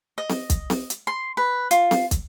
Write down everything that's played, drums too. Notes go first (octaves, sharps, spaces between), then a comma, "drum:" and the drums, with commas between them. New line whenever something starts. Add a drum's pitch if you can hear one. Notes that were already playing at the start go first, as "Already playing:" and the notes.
D#5
drum: snare C4
drum: kick, hi-hat
drum: snare C4
drum: hi-hat
C6
B4
F4, drum: hi-hat
drum: snare C4
drum: kick, hi-hat